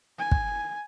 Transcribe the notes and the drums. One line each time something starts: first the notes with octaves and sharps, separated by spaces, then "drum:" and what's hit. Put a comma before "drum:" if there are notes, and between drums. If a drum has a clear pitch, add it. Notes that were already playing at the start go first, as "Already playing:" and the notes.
G#5
drum: kick